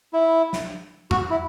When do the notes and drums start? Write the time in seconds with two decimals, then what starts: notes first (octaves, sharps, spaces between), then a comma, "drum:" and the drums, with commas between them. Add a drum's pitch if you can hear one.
0.13 E4
0.53 drum: snare
1.11 F#4, drum: tom E2
1.30 E4